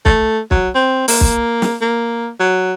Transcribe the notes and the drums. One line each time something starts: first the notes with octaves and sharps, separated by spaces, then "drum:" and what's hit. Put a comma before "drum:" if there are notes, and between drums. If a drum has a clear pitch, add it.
A3, drum: kick
F#3, drum: kick
C4
A#3, drum: open hi-hat
drum: kick
drum: snare
A#3
F#3